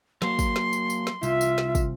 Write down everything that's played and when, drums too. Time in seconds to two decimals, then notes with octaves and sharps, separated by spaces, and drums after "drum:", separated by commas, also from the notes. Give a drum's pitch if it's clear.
0.22 F#3 A#3 C6, drum: snare
0.39 drum: kick, tambourine
0.56 drum: snare
0.73 drum: tambourine
0.90 drum: tambourine
1.07 drum: snare
1.23 C2 F4 E5, drum: tambourine
1.41 drum: tambourine
1.58 drum: snare
1.75 drum: kick, tambourine